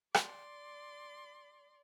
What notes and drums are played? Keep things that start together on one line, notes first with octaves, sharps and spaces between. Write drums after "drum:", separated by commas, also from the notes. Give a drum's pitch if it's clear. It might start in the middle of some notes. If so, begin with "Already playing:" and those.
D5 C6, drum: rim click